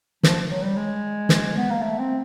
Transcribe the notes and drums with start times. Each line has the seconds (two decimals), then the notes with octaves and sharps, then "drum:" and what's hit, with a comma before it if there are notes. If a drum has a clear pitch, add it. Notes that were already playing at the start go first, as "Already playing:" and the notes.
0.23 F3, drum: snare
0.50 F#3
0.62 G3
0.76 G#3
1.29 drum: snare
1.57 B3
1.70 A#3
1.82 A3
1.99 C4